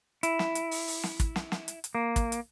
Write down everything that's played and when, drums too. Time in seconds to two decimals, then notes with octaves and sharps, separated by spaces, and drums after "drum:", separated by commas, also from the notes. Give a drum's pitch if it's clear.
0.23 E4, drum: hi-hat
0.39 drum: snare
0.55 drum: hi-hat
0.71 drum: open hi-hat
0.87 drum: open hi-hat
1.03 drum: snare
1.20 drum: kick, hi-hat
1.36 drum: snare
1.52 drum: snare
1.68 drum: hi-hat
1.84 drum: hi-hat
1.95 A#3
2.16 drum: kick, hi-hat
2.32 drum: hi-hat